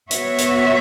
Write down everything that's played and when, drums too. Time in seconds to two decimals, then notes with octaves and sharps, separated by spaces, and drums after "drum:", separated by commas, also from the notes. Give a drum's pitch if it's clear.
0.11 B3 F#4 C#5 E5, drum: hi-hat
0.38 drum: hi-hat